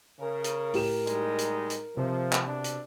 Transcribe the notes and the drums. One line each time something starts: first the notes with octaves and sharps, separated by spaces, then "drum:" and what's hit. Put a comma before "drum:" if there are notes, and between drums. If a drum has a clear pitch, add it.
C#3 A#4
drum: hi-hat
A2 G4 E7, drum: open hi-hat
G3 G#3 D#4, drum: hi-hat
drum: hi-hat
drum: hi-hat
C3 F3 C5
drum: clap
B2 D4
drum: hi-hat